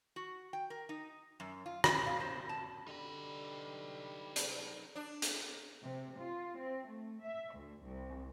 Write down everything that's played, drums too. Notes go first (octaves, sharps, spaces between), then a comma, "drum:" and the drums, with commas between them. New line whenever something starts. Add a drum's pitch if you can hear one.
F#4
G5
A#4
D#4
F#2
F4
F#2, drum: rim click
F5
C5
A5
D3 G3 D#4 B4
drum: hi-hat
D4
drum: hi-hat
C3
F4
C4
A3
E5
D2
C2